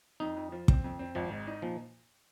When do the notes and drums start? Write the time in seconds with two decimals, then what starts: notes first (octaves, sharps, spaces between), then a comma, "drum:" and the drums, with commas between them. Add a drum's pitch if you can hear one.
0.20 F2 D#4
0.36 F2
0.52 F3
0.68 C4, drum: kick
0.84 F2
0.99 C4
1.15 G#1 F3
1.31 G#2
1.47 D#4
1.62 A#2 F3